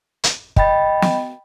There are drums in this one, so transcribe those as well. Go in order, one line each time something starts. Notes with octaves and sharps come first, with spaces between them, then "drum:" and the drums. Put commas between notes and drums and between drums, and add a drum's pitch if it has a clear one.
drum: hi-hat
D#5 G5 B5 A6, drum: kick
drum: snare